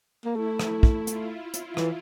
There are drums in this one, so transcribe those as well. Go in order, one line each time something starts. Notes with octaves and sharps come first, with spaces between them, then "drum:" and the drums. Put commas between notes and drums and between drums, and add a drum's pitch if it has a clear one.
A#3
A3 E4
drum: rim click
drum: kick
F4, drum: hi-hat
drum: hi-hat
E3, drum: rim click